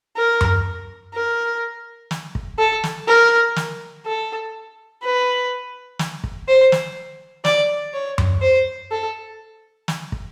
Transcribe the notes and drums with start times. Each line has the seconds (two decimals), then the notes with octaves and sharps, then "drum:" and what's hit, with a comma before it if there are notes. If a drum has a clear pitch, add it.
0.17 A#4
0.41 drum: tom F#2
1.14 A#4
2.11 drum: snare
2.35 drum: kick
2.59 A4
2.84 drum: snare
3.08 A#4
3.56 drum: snare
4.06 A4
5.03 B4
5.99 drum: snare
6.24 drum: kick
6.48 C5
6.72 drum: snare
7.45 D5, drum: snare
7.94 C#5
8.18 drum: tom F#2
8.42 C5
8.91 A4
9.88 drum: snare
10.12 drum: kick